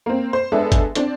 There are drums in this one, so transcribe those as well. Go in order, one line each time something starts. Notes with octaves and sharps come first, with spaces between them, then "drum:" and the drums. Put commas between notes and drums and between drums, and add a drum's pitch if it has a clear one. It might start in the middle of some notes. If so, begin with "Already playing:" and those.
A#3 C4
C5
G#3 B3 D4 A4 E5
drum: kick G1, hi-hat
C4 D4, drum: hi-hat